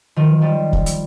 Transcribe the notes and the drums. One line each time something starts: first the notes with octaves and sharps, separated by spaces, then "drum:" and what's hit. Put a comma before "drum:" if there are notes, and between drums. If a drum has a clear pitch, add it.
D#3 F3
F3 G3
drum: kick
drum: hi-hat